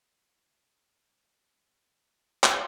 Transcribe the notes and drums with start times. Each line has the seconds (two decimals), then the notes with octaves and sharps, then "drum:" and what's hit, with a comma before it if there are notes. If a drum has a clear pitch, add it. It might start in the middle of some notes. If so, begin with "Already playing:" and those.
0.11 A4 C#5
2.44 drum: clap